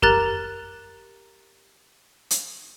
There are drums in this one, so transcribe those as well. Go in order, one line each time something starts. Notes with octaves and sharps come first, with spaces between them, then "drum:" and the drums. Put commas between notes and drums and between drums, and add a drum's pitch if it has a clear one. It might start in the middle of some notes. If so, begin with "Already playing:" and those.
G4 A#4 A#5 F#6 A6, drum: kick F#2
drum: hi-hat